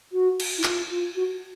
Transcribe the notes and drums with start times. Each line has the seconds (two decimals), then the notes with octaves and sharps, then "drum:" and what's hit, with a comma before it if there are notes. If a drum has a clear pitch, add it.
0.12 F#4
0.40 drum: cymbal
0.58 E4
0.64 F4, drum: clap
0.90 F4
1.15 F#4